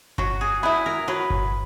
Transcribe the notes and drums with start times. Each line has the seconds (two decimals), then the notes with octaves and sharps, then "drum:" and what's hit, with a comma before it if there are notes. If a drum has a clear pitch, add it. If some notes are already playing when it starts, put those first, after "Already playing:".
0.18 F#3 F#4, drum: kick G1
0.41 G#4
0.63 B3 E4 G#4
0.86 A#4
1.08 F#3 B4
1.30 drum: kick G1